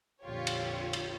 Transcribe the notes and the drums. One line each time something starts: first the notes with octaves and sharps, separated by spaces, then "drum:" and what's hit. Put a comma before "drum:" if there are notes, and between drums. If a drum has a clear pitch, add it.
A#1 F2 D3 F4 G4 C#5
drum: cymbal
drum: cymbal